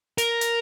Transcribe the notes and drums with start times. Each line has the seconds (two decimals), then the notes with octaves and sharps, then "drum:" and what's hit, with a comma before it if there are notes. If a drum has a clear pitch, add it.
0.18 A#4, drum: hi-hat
0.41 drum: hi-hat